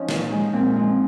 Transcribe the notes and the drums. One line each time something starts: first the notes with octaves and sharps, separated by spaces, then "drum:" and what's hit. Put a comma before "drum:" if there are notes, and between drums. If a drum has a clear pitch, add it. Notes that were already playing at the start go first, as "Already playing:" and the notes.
Already playing: F3 C#4 D#4
A#2, drum: snare
F3 G#3
A#2 C4
F3 G#3